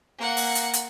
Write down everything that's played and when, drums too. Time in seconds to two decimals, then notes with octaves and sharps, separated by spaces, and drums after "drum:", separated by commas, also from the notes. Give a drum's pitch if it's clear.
0.19 A#3 F#5
0.37 drum: open hi-hat
0.55 drum: hi-hat
0.73 drum: hi-hat